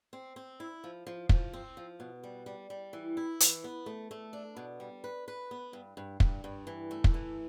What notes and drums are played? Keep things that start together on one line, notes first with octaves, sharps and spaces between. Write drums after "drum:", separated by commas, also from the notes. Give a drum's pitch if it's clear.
C4
C4
E4
F3
F3
F3, drum: kick
C4
F3
B2
G3
G3
G3
E3
E4
E3, drum: hi-hat
B3
A3
A3
D4
B2
G3
B4
B4
B3
G2
G2
G2, drum: kick
G2
E3
A3
drum: kick
E3